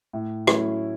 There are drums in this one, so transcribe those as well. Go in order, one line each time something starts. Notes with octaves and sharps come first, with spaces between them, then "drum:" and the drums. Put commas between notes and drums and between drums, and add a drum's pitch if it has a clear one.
A2
F#3 A3 C#4 E4, drum: rim click